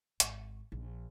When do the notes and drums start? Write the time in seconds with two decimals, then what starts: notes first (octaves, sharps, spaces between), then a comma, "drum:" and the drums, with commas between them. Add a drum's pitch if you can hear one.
0.20 G#1, drum: hi-hat
0.72 A#1